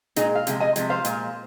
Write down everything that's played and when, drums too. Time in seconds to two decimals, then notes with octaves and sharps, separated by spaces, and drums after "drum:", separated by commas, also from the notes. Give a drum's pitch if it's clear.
0.16 A#2 G#3 D#4 G#4, drum: hi-hat
0.35 F5
0.47 C3 F3 G#3, drum: hi-hat
0.60 D#5 G#5
0.76 C3 F3 G#3, drum: hi-hat
0.90 C5 F5
1.05 A#2 G#3, drum: hi-hat